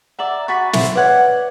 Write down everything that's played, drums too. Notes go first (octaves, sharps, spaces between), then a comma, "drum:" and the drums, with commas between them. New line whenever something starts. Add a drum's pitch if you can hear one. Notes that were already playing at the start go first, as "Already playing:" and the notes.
D5 E5 F#5 A#5 F#7
F#4 G#5 B5 C#6 A6 B6
E4 C5, drum: snare
B4 C#5 D5 F#5 G#6